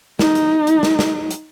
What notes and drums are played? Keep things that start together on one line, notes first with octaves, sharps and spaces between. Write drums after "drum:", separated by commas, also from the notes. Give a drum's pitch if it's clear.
D#4, drum: snare
drum: hi-hat
drum: hi-hat
drum: snare
drum: snare
drum: hi-hat